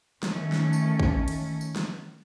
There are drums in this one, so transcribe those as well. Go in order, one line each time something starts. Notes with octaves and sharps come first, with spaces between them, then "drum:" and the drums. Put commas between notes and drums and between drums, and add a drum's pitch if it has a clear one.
D#3 A3 C#4, drum: snare
drum: snare
drum: tambourine
drum: kick A1
drum: cymbal
drum: tambourine
drum: snare